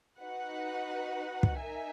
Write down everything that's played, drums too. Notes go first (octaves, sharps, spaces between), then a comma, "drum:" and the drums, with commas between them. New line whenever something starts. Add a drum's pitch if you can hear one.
D#4 F#4 B4 F#5
drum: kick
D#4 A#4 E5 G#5